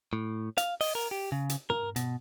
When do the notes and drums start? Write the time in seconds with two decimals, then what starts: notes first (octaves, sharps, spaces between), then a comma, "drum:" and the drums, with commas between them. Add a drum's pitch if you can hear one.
0.13 A2
0.58 F5, drum: hi-hat
0.81 D#5, drum: open hi-hat
0.95 A#4
1.11 G4
1.32 C#3
1.49 drum: hi-hat
1.70 A#4, drum: tom
1.96 B2, drum: hi-hat